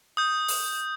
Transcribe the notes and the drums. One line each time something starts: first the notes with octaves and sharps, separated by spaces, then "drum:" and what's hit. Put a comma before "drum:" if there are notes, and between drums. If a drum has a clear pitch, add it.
D#6 G6
drum: open hi-hat